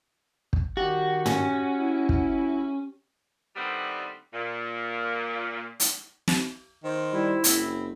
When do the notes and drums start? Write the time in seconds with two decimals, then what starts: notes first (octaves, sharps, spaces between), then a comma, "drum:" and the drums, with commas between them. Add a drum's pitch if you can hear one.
0.53 drum: kick
0.77 D#3 F#4 G4
1.26 C#4, drum: tom
1.78 E4
2.09 drum: kick
3.56 D#3 G3 A3 B3 C4 D4
4.34 A#2
5.80 drum: hi-hat
6.28 drum: snare
6.84 D#3 C5
7.13 G3 E4
7.44 F#1 C4 B5, drum: hi-hat